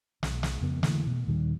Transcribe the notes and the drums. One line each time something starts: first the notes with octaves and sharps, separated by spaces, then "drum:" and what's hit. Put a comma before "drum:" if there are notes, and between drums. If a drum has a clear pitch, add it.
B1, drum: snare
drum: snare
F2 C#3 B3
D3 E3 A3 A#3, drum: snare
B2
D#2 A#2 D#3 G3